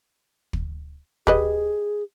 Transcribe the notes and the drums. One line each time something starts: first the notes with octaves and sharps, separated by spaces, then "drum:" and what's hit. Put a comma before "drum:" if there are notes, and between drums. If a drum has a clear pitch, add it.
drum: kick
G4 G#4 B4 D#5, drum: kick